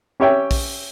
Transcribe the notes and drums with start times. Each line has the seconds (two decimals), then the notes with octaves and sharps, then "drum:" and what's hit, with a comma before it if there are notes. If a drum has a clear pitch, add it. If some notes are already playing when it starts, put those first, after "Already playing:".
0.20 C#4 G4 C#5 E5 G5
0.51 drum: kick A#1, open hi-hat